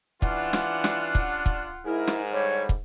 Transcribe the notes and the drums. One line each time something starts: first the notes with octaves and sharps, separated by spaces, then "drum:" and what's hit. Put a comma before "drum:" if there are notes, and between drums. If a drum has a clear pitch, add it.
E3 G3 C#4 D4 F4 F#5, drum: kick
drum: snare
drum: snare
drum: kick
drum: kick
G#2 E4 G#4 A#4
drum: snare
D3 G3 C#5
drum: kick